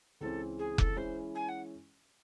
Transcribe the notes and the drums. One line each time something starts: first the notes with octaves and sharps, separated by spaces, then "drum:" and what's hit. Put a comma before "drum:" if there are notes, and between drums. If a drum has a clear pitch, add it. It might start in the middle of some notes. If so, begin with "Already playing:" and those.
C#2 C#3 E3 C4 A4
G#4
A4, drum: kick F1
E3 G#3 C#4 E4 C5
G#5
F#5